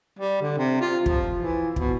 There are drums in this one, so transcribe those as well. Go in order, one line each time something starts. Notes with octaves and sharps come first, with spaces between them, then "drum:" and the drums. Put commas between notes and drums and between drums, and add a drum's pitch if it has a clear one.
G3
D3
C3
F4
F3, drum: kick
E3
B2, drum: kick